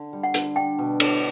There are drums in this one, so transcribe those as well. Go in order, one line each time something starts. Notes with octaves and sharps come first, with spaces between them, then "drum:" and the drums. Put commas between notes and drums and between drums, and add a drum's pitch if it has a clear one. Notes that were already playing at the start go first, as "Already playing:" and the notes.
Already playing: D3
G3
F#5
D3, drum: hi-hat
D4 G5
B2
D4, drum: cymbal